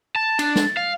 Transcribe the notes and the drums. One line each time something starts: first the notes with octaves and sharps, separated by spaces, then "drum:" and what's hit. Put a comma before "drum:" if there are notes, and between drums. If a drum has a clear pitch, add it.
A5 A6
D4, drum: cymbal
drum: snare
F5